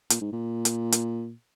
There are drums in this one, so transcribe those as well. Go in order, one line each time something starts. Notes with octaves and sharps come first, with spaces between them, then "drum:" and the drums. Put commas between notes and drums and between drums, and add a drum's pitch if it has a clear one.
A#2, drum: hi-hat
G#2
A#2
drum: hi-hat
drum: hi-hat